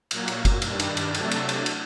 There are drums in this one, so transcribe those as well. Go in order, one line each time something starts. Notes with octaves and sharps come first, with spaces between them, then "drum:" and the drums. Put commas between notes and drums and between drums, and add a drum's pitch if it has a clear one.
A#2 F#3 A#3, drum: cymbal
drum: cymbal
drum: kick F#1, cymbal
G2 D#3 G3 D4, drum: cymbal
drum: cymbal
drum: cymbal
C3 F#3 A3 D4 A4, drum: cymbal
drum: cymbal
drum: cymbal
drum: cymbal